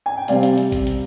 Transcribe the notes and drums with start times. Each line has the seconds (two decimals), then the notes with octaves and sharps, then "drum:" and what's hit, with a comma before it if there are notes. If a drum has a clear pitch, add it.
0.06 G#5
0.17 G5
0.28 C3 G3 C4 D5 F5, drum: hi-hat
0.43 drum: hi-hat
0.58 drum: hi-hat
0.72 drum: kick A1, hi-hat
0.87 drum: hi-hat